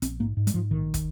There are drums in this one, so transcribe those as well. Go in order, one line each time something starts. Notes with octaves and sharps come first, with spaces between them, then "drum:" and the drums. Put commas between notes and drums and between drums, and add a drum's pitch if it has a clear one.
A#1 C4, drum: hi-hat
G#2 A#3
G#2
G3, drum: hi-hat
G#2 F3
A#1 D#3
drum: kick, hi-hat